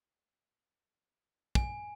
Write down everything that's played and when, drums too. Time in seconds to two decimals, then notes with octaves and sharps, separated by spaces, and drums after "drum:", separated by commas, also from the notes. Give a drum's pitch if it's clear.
1.55 G#5, drum: kick